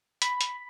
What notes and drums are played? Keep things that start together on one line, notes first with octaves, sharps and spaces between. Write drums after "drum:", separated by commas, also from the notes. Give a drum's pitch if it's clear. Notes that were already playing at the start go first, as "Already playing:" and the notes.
B5, drum: hi-hat
drum: hi-hat